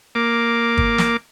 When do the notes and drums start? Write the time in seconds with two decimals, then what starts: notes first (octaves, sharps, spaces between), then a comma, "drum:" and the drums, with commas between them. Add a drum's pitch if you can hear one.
0.15 A#3 D6
0.78 drum: kick G1
0.98 drum: snare